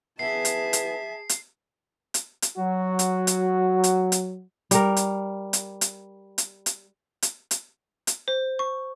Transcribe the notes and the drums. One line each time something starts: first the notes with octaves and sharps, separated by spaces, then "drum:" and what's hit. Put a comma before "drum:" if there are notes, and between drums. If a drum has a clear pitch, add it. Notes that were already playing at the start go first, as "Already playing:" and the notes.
E3 B3 G#4 E5 A5 C7
drum: hi-hat
drum: hi-hat
drum: hi-hat
drum: hi-hat
drum: hi-hat
F#3 F#4
drum: hi-hat
drum: hi-hat
drum: hi-hat
drum: hi-hat
G3 A#4, drum: hi-hat
drum: hi-hat
drum: hi-hat
drum: hi-hat
drum: hi-hat
drum: hi-hat
drum: hi-hat
drum: hi-hat
drum: hi-hat
C5
C#6